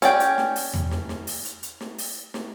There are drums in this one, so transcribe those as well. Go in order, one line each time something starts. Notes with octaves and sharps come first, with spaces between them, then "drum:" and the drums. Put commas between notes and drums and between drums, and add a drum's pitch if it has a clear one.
C#4 D5 G5, drum: hi-hat
drum: hi-hat
drum: snare
drum: open hi-hat
drum: tom E2
drum: snare
drum: snare
drum: open hi-hat
drum: hi-hat
drum: hi-hat
drum: snare
drum: open hi-hat
drum: snare